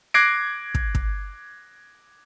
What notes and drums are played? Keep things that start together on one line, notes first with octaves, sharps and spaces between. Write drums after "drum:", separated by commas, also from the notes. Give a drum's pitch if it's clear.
D6 F#6 G#6 A#6 C7 D7
drum: kick
drum: kick